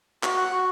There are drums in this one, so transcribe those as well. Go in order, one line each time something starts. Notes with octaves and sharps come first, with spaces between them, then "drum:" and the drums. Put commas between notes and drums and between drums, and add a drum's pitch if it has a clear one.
F#4, drum: clap
F#5
F#4